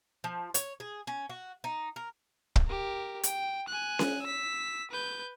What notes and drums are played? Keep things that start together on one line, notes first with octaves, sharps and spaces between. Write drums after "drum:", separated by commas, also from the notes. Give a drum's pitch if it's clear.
F3
C#5, drum: hi-hat
G#4
C#4
F#4
D#4
A#4
drum: kick
G4 A#4
G5, drum: hi-hat
G#5 F#6
drum: snare C#4
E6 B6
B4 G6